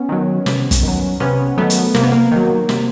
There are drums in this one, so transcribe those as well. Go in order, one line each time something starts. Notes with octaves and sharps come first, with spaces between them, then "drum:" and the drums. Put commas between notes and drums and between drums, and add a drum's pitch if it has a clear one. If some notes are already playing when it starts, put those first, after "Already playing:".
Already playing: B3 C#4
D#3 F#3
C3, drum: snare
drum: kick, hi-hat
D#3 F#3
C3 B3 C#4
D#3 F#3 A3 B3
drum: hi-hat
C3 A#3, drum: snare
B3
A#3
D#3 F#3
C3, drum: snare